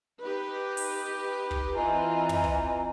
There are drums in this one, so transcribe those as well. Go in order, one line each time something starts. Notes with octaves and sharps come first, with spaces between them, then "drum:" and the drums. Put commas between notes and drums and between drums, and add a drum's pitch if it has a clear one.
D#4 G4 B4
drum: open hi-hat
drum: kick
E3 C4 F4 D#5 G#5 A#5
drum: tom
drum: kick